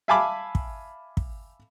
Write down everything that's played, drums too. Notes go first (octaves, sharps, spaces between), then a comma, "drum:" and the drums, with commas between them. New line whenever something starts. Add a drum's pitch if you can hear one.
E5 F5 G#5 A5 B5 D6
drum: kick
drum: kick